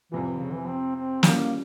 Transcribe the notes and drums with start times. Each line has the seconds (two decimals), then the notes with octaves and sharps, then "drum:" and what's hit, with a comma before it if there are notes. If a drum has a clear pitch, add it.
0.12 F2 C3 E3 F3
0.26 E3
0.39 C#3
0.53 E3
0.67 C4
0.95 C4
1.23 C#3 E3 G3 A#3 C#4 F4, drum: snare